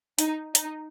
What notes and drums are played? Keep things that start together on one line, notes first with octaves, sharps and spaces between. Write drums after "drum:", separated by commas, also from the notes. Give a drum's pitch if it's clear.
D#4, drum: hi-hat
D#4, drum: hi-hat